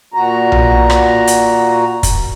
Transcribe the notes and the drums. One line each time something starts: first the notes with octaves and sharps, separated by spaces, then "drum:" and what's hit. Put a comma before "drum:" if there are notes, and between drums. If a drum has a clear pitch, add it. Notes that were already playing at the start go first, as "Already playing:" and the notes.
A#2 F#4 A#5
drum: tom B1
drum: rim click
drum: hi-hat
drum: kick, hi-hat